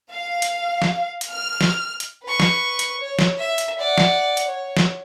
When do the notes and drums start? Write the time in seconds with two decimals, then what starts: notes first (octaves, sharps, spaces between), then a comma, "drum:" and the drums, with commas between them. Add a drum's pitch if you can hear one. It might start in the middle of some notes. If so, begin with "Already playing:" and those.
0.11 F5
0.42 drum: hi-hat
0.82 drum: snare
1.21 drum: hi-hat
1.30 F6
1.61 drum: snare
2.00 drum: hi-hat
2.24 B4 C#6
2.40 drum: snare
2.79 drum: hi-hat
3.00 C#5
3.19 drum: snare
3.38 E5
3.58 drum: hi-hat
3.79 D5 F#5
3.98 drum: snare
4.37 drum: hi-hat
4.47 C#5
4.77 drum: snare